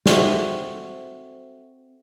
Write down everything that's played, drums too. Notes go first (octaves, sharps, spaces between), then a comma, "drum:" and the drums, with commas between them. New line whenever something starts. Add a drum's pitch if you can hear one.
C4 F#4 A4 C5 E5, drum: snare